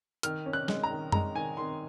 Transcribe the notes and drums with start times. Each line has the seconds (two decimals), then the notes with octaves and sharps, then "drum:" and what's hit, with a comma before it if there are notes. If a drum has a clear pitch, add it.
0.23 D#3 F6, drum: hi-hat
0.46 C#4
0.53 F#6
0.68 G#3, drum: snare
0.83 A#5
0.91 D#3
1.12 G#3 A#5, drum: tom F#2
1.35 D#3 G#5
1.57 D#3 C6